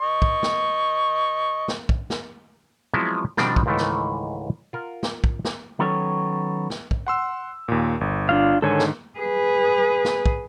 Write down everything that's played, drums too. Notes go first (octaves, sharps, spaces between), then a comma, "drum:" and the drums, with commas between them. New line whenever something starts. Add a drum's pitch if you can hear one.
D#5 C#6
drum: kick
drum: snare
drum: snare
drum: kick
drum: snare
F3 F#3 G#3 B3 C4 E4
B2 D#3 F3 G3 C4 D4, drum: snare
drum: kick
C#2 G#2 D#3 E3 A3
drum: snare
F4 A#4 F#5
drum: snare
drum: kick
drum: snare
D#3 F#3 B3 C#4 A4 C#5
drum: snare
drum: kick
F#5 C6 E6
D#2 A#2
G1
D4 F4 F5
G#2 D3 D#3 A4 C#5 G#5
drum: snare
G#4 B4
drum: snare
drum: kick